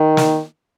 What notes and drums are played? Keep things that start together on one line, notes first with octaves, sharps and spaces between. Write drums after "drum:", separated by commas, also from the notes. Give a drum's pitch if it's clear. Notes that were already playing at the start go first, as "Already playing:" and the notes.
Already playing: D#3
drum: snare